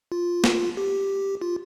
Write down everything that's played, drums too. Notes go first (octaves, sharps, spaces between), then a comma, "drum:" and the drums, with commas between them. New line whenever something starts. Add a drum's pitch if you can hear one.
F4
drum: snare
G4
F4